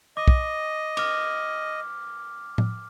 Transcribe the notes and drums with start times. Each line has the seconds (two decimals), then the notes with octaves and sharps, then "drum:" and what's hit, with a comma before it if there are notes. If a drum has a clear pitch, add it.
0.17 D#5 D6
0.28 drum: kick
0.97 D6 F6, drum: cymbal
2.58 drum: tom A2